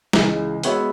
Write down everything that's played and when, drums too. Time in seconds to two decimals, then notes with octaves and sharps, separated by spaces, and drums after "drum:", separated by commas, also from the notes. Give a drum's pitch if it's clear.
0.13 C#2 C#3 E3 G#3, drum: snare
0.63 G#3 B3 F#4 C#5 E5, drum: hi-hat